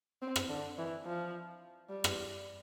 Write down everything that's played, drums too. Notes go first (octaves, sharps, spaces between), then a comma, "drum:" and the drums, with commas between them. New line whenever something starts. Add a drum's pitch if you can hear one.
C4
drum: rim click
D3
E3
F3
G3
drum: rim click